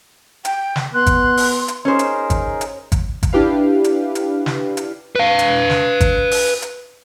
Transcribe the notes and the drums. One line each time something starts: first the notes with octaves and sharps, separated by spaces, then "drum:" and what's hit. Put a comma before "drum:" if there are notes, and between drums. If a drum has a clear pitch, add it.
G5, drum: hi-hat
drum: snare
B3 C6 F#6
drum: kick G#1, hi-hat
drum: open hi-hat
drum: hi-hat
C#4 D#4 G#4 A#4 C5
drum: hi-hat
drum: kick G#1, hi-hat
drum: hi-hat
drum: kick G#1, hi-hat
drum: kick G#1, hi-hat
D4 E4 G4 B4 F5
drum: hi-hat
drum: hi-hat
drum: snare
drum: hi-hat
B4 F5
drum: hi-hat
drum: snare
drum: kick G#1, hi-hat
drum: open hi-hat
drum: hi-hat